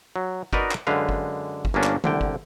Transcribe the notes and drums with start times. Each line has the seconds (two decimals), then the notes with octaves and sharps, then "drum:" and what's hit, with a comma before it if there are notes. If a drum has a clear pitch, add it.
0.16 F#3
0.53 D#4 F#4 A#4 B4 D5 D#5, drum: kick G1
0.71 drum: clap
0.87 F#2 D3 G#3 B4 F5
1.09 drum: kick G1
1.65 drum: kick G1
1.74 G1 A#3 B3 C#4 D4
1.83 drum: clap
2.04 C2 D3 G5, drum: tom
2.21 drum: kick G1